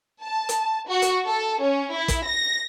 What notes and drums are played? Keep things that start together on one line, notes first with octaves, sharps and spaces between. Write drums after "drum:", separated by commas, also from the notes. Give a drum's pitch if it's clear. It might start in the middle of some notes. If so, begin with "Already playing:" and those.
A5
drum: hi-hat
F#4
drum: hi-hat
A4
C#4
E4
drum: kick, hi-hat
A#6